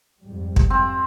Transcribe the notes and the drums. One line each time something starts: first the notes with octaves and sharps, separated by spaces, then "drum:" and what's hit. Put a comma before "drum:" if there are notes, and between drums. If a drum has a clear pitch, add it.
F2 G#2 G3
drum: kick
C4